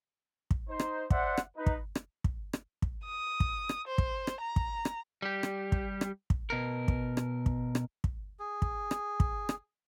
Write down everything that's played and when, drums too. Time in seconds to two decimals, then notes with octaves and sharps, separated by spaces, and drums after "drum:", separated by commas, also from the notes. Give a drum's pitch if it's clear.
0.51 drum: kick
0.69 D#4 C5
0.80 drum: rim click
1.10 C5 D5 E5 F#5, drum: kick
1.37 drum: rim click
1.56 D#4 B4
1.66 drum: kick
1.95 drum: rim click
2.24 drum: kick
2.53 drum: rim click
2.82 drum: kick
3.06 D#6
3.40 drum: kick
3.69 drum: rim click
3.88 C5
3.98 drum: kick
4.27 drum: rim click
4.42 A#5
4.56 drum: kick
4.85 drum: rim click
5.22 G3 G4
5.43 drum: rim click
5.72 drum: kick
6.01 drum: rim click
6.30 drum: kick
6.50 B2 A#4
6.88 drum: kick
7.17 drum: rim click
7.46 drum: kick
7.75 drum: rim click
8.04 drum: kick
8.39 G#4
8.62 drum: kick
8.91 drum: rim click
9.20 drum: kick
9.49 drum: rim click